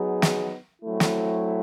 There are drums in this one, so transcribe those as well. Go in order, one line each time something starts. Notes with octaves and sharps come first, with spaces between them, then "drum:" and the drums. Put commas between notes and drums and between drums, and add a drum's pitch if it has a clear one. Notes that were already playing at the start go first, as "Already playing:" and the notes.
Already playing: F#3 B3 D#4 G#4
drum: snare
F#3 A3 C4 E4
drum: snare